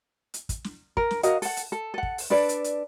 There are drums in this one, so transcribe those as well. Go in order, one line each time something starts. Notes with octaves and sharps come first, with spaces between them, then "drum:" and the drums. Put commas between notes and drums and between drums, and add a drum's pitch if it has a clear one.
drum: hi-hat
drum: kick, hi-hat
drum: snare
A#4, drum: kick
drum: snare
F#4 A#4 D#5 F5, drum: hi-hat
A4 F#5, drum: open hi-hat
drum: hi-hat
A4
A4 F#5
drum: kick
drum: open hi-hat
D4 A4 B4 D5
drum: hi-hat
drum: hi-hat